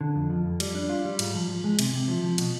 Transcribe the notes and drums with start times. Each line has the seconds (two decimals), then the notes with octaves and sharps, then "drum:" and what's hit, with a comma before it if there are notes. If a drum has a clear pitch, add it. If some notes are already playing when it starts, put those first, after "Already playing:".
0.01 D3
0.15 F2
0.30 F3
0.45 F2
0.60 G3, drum: cymbal
0.75 D4
0.89 F4
1.05 G3
1.19 G#2, drum: cymbal
1.34 F3
1.49 F3
1.64 G#3
1.79 C3, drum: cymbal
1.93 C3
2.08 F3
2.23 F3
2.38 B2, drum: cymbal